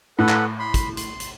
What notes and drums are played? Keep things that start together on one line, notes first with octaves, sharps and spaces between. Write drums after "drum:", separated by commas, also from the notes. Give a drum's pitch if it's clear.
A2 A4 B4 F#5
drum: clap
B5 C6
drum: kick, hi-hat
C6, drum: hi-hat
drum: hi-hat